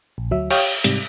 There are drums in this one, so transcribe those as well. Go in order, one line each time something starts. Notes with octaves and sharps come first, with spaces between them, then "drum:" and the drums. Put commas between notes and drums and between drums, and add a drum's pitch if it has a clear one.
A#1
D2 F#3 E5
G4 C#5 F5 G5 D#6, drum: cymbal
G#2 C3 G3, drum: hi-hat